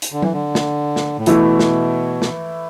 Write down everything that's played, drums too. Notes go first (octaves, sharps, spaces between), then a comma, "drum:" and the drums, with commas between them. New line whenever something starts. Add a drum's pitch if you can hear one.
drum: hi-hat
D3
E3, drum: tom F#3
D3
drum: snare
drum: snare
A2
B2 E3 A3 E4, drum: hi-hat
drum: snare
drum: snare